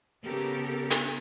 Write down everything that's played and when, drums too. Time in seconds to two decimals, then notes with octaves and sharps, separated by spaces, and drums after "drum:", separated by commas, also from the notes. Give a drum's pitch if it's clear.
0.25 C#3 B3 G4 A4 A#4
0.90 drum: hi-hat